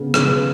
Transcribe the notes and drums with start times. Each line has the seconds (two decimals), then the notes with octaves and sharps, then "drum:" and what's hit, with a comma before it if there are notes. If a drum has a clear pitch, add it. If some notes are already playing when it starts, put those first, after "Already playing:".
Already playing: C#3 B3
0.14 C#3, drum: rim click